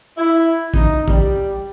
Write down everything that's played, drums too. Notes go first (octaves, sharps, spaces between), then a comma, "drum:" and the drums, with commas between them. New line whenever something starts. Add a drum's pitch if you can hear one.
E4
D#4, drum: kick
G3, drum: kick